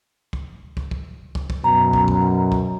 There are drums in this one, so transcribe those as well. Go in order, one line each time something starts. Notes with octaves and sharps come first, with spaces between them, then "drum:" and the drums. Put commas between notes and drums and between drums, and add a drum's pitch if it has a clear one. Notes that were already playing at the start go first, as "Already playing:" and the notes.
drum: kick
drum: kick
drum: kick
drum: kick
drum: kick
F#2 B2 A#5
drum: kick
drum: kick
drum: kick